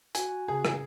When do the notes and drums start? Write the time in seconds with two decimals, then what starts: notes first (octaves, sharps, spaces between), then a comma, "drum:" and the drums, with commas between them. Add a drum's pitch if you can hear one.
0.15 F#4 G#5, drum: hi-hat
0.48 C#3 G#4
0.65 drum: rim click